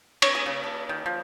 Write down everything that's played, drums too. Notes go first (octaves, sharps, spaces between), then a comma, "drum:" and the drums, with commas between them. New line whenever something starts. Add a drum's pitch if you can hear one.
C#5, drum: cymbal
G#4
C#3
A4
D#3
F3